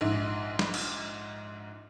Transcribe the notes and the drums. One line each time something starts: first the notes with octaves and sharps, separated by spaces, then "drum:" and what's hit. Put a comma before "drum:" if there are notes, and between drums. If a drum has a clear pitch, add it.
A#1 G#2 D#4
drum: snare
drum: cymbal